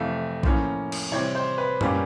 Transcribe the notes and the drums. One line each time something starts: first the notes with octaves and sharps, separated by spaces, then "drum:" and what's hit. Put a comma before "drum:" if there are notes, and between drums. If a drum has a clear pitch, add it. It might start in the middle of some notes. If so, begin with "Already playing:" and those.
Already playing: F2 C3 E3 A3 F5
A2 F3 A#3 C#4, drum: kick A#1
drum: cymbal
C3 E3 G3 C4 C#5
C5
B4
A#2 G3 A#3 C#4, drum: tom F#2